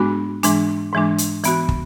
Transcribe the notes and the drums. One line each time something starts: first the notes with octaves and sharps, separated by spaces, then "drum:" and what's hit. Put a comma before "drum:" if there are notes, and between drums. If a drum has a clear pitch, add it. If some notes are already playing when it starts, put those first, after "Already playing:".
Already playing: G#2 G#3 B3 D4 F#4
G#2 E3 G#3 D4, drum: hi-hat
G#2 E3 G#3 D4
drum: hi-hat
E3 B3 F#4, drum: hi-hat
drum: kick